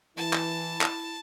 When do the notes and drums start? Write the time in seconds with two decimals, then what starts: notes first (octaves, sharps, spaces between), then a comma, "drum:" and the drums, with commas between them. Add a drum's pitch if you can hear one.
0.17 E3 E4 A5
0.33 drum: clap
0.81 drum: clap